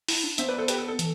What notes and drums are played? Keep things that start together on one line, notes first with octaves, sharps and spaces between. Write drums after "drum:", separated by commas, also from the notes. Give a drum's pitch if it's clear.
E4, drum: open hi-hat
D4
B3 C5 E5, drum: hi-hat
B4 D5
A4 C5
G4 B4, drum: hi-hat
A4
A4
E3, drum: hi-hat